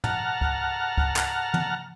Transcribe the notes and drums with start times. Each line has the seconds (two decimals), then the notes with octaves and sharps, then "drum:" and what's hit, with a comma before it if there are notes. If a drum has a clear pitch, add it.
0.04 F#5 A5 A#5 F6, drum: tom
0.41 drum: kick C#2
0.98 drum: kick C#2
1.16 drum: clap
1.54 drum: tom